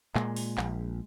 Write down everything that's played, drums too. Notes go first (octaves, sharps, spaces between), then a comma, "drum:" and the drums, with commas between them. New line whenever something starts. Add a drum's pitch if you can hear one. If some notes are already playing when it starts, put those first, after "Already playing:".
A#2 G#3, drum: clap
drum: open hi-hat
A#1, drum: clap